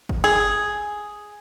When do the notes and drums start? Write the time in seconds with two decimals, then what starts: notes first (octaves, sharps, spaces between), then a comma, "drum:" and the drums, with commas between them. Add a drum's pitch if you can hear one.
0.09 drum: kick G1
0.24 G#4, drum: open hi-hat